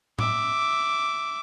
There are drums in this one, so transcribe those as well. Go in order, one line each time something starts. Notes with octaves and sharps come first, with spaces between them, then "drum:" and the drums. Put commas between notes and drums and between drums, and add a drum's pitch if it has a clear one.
E5 D6, drum: tom A2